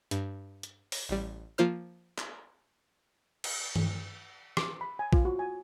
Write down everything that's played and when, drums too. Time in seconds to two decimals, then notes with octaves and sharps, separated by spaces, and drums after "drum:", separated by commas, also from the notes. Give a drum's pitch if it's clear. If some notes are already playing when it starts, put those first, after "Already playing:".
0.11 G2, drum: hi-hat
0.63 drum: hi-hat
0.92 drum: open hi-hat
1.09 A1 G3
1.58 F3 A#3 F4 C5 F6
2.18 drum: clap
3.44 drum: cymbal
3.76 drum: tom
4.57 D6, drum: rim click
4.81 B5
4.99 G#5
5.13 F4, drum: kick
5.25 F#4
5.39 G#5